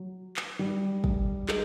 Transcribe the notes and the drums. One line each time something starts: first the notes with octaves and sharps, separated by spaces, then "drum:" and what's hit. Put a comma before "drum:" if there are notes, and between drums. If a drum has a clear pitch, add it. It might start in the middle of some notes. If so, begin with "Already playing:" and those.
Already playing: F#3
drum: clap
G3
drum: kick
G#3, drum: clap